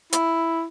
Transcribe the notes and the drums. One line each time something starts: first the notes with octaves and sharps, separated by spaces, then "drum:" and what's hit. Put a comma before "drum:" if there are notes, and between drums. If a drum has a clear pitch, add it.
E4, drum: hi-hat